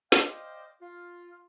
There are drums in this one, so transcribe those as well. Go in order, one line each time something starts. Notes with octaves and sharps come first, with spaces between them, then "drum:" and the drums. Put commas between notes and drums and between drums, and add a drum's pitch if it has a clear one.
C5 D5 D#5 F5 G5, drum: snare
F4